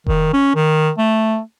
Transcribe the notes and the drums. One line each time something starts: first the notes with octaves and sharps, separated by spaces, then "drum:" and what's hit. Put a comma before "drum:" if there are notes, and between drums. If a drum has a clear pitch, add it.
D#3, drum: kick F1
C#4
D#3
A3